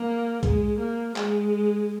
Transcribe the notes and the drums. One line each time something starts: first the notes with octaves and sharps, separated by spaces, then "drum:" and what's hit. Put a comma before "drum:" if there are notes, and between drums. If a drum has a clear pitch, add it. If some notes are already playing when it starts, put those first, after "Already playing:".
Already playing: A#3
G#3, drum: kick C2, hi-hat
A#3
G#3, drum: clap